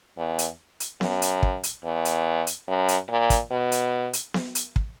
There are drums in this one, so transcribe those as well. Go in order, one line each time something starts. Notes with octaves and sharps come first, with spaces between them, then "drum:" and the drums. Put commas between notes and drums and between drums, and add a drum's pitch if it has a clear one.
E2
drum: hi-hat
drum: hi-hat
F#2, drum: snare B3
drum: hi-hat
drum: kick
drum: hi-hat
E2
drum: hi-hat
drum: hi-hat
F#2
drum: hi-hat
A#2
drum: kick, hi-hat
B2
drum: hi-hat
drum: hi-hat
drum: snare B3
drum: hi-hat
drum: kick